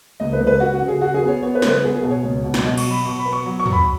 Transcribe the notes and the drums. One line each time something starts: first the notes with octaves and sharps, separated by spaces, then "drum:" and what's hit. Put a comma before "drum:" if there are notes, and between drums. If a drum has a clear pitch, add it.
C#2 D#5
B4
C#2
B4
C#3 F#4
F#4
C#3
G#4
C#3 F#4
G#4
B3
C#5
B3 C#5
B4
C#3, drum: snare
B4
B3 G#4
G#4
B2
C#5
C#2
B2
drum: snare
B2 D#5
C#6, drum: cymbal
F#3
B5
B2 C#6
B5
B3
C#6
F#3
C#6
F#3, drum: tom
B5